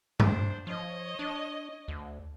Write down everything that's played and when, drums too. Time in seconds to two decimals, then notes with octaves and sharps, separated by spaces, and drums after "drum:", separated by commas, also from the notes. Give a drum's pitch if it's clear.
0.20 D4 C5, drum: tom G2
0.67 F3 C#5 D#5
1.19 D4
1.88 D2